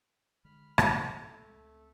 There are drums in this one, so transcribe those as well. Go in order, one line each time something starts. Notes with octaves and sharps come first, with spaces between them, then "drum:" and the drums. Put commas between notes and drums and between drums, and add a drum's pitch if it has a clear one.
D3 G#3 D4 B5 F6
B1 G2, drum: rim click
A#2 A3
C#2 G#3 C4
C#2 C4